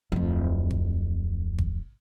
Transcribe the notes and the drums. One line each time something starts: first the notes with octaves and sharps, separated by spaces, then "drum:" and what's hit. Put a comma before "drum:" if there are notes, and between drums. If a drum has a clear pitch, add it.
D1 F2
drum: kick G#1
drum: kick G#1